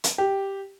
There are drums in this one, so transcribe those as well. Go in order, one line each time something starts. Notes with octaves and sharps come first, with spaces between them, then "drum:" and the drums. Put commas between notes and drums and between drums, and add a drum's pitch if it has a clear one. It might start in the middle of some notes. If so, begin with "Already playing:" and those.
drum: hi-hat
G4